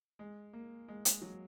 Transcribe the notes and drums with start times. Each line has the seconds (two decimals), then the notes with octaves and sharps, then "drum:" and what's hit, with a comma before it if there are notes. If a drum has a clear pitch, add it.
0.19 G#3
0.53 A#3
0.88 G#3
1.05 G#3, drum: hi-hat
1.22 F#3